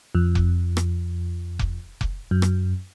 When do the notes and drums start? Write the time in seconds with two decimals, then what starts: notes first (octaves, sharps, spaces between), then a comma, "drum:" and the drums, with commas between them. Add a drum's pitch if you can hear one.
0.15 F2
0.35 drum: kick F1
0.77 drum: rim click
1.59 drum: kick F1
2.01 drum: kick F1
2.31 F#2
2.42 drum: rim click